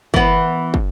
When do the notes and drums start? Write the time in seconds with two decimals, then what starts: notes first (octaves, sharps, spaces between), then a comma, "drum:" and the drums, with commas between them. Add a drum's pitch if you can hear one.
0.14 E3 B3, drum: kick
0.74 drum: kick